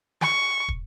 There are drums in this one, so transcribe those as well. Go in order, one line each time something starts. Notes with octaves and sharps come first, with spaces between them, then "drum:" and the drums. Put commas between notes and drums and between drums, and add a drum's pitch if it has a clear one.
C#6, drum: snare
drum: kick